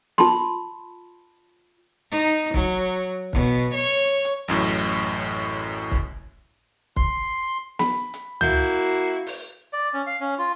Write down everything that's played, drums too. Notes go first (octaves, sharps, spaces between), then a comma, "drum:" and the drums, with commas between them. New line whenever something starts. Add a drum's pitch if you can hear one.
F4 A5 B5 C6, drum: snare
D#4
F#3, drum: kick
B2, drum: kick
C#5
drum: hi-hat
A1 F#2 A2
drum: kick
C6, drum: kick
B5, drum: snare
drum: hi-hat
A#3 E4 F#4 G6, drum: tom C#2
drum: open hi-hat
D5
C#4
F5
C#4
F4